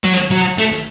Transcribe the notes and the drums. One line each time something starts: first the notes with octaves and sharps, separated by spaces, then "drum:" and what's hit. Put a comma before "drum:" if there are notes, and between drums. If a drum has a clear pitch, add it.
F#3
drum: hi-hat
F#3
A3, drum: hi-hat
drum: hi-hat